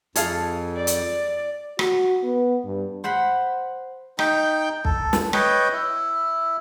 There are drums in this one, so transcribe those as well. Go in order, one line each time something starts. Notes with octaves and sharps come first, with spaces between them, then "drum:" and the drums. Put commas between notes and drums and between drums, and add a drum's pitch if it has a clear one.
F2 G#4 A4 F5, drum: hi-hat
D5
drum: hi-hat
F#4, drum: rim click
B3
G2
C5 F#5 B5
D#4 G5, drum: rim click
A4, drum: kick
drum: snare
B4 C#5 D#5 G5, drum: rim click
E4